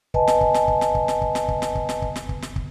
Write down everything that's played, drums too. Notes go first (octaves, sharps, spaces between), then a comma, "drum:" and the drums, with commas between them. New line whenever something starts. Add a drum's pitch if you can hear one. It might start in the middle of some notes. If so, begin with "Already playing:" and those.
B4 D#5 G#5 A5, drum: kick
drum: snare
drum: kick
drum: snare
drum: kick
drum: snare
drum: kick
drum: snare
drum: kick
drum: snare
drum: kick
drum: snare
drum: kick
drum: snare
drum: kick
drum: snare
drum: kick
drum: snare
drum: kick